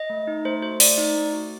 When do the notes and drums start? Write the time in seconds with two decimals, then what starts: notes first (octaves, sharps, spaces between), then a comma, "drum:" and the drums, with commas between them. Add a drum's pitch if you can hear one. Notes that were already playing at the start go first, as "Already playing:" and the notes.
Already playing: D#5
0.10 A3
0.27 D#4
0.45 A3 C5
0.62 F#4 C5
0.80 A3 D5, drum: open hi-hat
0.98 D#4
1.16 A3
1.33 F#4